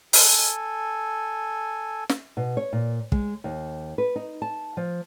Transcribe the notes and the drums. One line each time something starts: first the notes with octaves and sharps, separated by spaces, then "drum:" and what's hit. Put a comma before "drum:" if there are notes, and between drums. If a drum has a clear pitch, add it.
A4 G#5, drum: open hi-hat
drum: snare
B2
C#5
A#2
G#3, drum: kick
D#2
B4
D#4
A5
F3